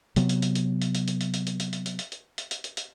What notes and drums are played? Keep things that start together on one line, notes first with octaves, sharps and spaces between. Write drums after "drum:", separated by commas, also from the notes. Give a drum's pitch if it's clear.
C3 F#3 B3, drum: hi-hat
drum: hi-hat
drum: hi-hat
drum: hi-hat
drum: hi-hat
drum: hi-hat
drum: hi-hat
drum: hi-hat
drum: hi-hat
drum: hi-hat
drum: hi-hat
drum: hi-hat
drum: hi-hat
drum: hi-hat
drum: hi-hat
drum: hi-hat
drum: hi-hat
drum: hi-hat
drum: hi-hat